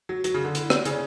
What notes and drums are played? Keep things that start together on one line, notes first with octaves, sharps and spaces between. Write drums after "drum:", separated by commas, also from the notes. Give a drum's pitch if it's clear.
F#3
F#3, drum: hi-hat
C#3
D3
E4, drum: hi-hat
D4, drum: rim click
C#3 C#4, drum: hi-hat